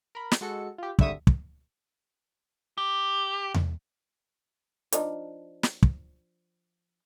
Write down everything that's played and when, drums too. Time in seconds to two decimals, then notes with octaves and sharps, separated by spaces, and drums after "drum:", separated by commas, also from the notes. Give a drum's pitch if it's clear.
0.15 A#4 B5
0.31 drum: snare
0.41 G#3 F#4 A4 C#7
0.78 F4 G4
0.99 G#1 D3 G3 E5 C#6 D#6, drum: kick
1.27 drum: kick
2.78 G4
3.54 drum: tom E2
4.92 F3 D4 D#4, drum: hi-hat
5.63 drum: snare
5.83 drum: kick